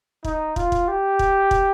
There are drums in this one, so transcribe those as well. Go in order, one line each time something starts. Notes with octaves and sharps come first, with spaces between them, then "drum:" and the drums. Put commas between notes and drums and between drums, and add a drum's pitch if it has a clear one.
D#4, drum: kick
F4, drum: kick
drum: kick
G4
drum: kick
drum: kick